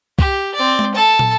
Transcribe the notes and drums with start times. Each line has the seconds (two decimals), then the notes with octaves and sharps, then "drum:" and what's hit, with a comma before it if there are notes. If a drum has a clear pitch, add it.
0.19 G4, drum: kick
0.55 C4 D5
0.79 drum: tom G#3
0.95 A4 A5
1.19 drum: tom